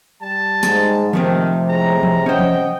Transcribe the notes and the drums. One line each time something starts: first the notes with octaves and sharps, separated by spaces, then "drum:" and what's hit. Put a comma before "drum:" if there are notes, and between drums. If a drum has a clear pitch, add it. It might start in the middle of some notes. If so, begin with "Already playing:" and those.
G3 A5
G#2 G#3 G#5, drum: tambourine
C3 D#3 F3 A3 C4
A2 G#3 A#5
drum: tom E3
C#4 C5 D#5 F#5 G5
drum: tom E3